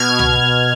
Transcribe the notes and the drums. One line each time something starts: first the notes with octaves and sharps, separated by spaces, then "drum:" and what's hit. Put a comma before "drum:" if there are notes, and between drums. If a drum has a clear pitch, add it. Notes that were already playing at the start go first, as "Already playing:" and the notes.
Already playing: B2 F6 G#6
drum: tom C2